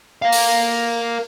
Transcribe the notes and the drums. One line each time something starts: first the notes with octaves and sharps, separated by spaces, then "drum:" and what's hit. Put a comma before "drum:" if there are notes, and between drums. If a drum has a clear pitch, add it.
A#4 F5
drum: open hi-hat